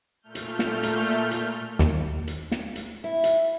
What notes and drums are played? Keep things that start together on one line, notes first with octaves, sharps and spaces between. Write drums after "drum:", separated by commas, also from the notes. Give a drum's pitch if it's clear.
A#2 A3 F6 G6
drum: hi-hat
drum: snare
drum: hi-hat
drum: hi-hat
D#2, drum: snare
drum: hi-hat
drum: snare
drum: hi-hat
E4
drum: hi-hat